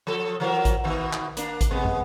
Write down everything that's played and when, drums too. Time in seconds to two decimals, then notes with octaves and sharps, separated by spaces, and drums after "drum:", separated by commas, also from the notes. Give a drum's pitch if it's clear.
0.07 F3 A4
0.40 E3 F#3 A#4
0.65 drum: kick A1, hi-hat
0.84 B2 D#3
1.13 drum: clap
1.37 A#3 D4, drum: hi-hat
1.61 drum: kick A1, hi-hat
1.71 C3 G#3 B3
1.85 drum: tom